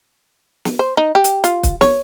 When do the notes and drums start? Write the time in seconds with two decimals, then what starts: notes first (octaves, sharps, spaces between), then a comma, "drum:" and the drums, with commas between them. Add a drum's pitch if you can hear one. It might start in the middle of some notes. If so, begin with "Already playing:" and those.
0.65 drum: snare
0.79 C5
0.97 D#4
1.15 G4
1.24 drum: hi-hat
1.44 F4, drum: hi-hat
1.63 drum: kick, hi-hat
1.81 C#5, drum: snare